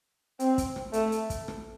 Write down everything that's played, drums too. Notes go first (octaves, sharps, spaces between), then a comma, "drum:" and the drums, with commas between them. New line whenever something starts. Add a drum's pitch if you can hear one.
C4, drum: hi-hat
drum: kick, hi-hat
drum: rim click
A3, drum: hi-hat
drum: hi-hat
drum: kick, hi-hat
drum: rim click